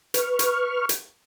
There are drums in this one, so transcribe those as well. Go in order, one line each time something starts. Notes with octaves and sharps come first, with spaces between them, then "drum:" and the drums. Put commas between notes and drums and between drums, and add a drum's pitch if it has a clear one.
B4 C#6 F6, drum: hi-hat
drum: hi-hat
drum: hi-hat